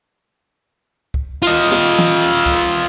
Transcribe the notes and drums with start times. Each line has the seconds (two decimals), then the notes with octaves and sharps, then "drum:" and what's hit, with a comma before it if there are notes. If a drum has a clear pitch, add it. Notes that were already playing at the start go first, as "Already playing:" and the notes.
1.14 drum: kick C#2
1.43 F4 D#5
1.72 drum: snare
1.99 drum: tom
2.46 drum: kick C#2